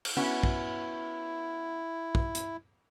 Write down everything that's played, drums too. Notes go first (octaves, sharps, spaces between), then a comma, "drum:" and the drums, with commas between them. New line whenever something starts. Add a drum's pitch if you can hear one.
drum: cymbal
B3 C#4 E4 F#4
drum: kick
drum: kick
drum: hi-hat